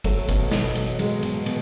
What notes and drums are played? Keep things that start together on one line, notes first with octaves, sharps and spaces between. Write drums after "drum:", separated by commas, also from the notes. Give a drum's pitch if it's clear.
F#3 A3, drum: kick G1, cymbal
B2, drum: kick G1, cymbal
B2, drum: snare
F#3, drum: cymbal
F#3 G#3, drum: cymbal
B2, drum: cymbal
B2, drum: cymbal